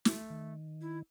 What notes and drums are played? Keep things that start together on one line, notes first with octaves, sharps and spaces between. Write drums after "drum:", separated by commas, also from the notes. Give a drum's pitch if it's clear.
A3, drum: snare
D#3
E4